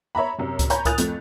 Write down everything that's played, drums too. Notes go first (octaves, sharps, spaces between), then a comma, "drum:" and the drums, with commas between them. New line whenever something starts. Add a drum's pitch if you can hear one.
C#5 E5 A#5 B5
F#2 C3
drum: kick C#2, hi-hat
C#5 G#5 A#5 B5 G6, drum: hi-hat
A#4 G#5 D#6 F#6 A6 F7, drum: kick C#2, hi-hat
F2 F3 A3, drum: hi-hat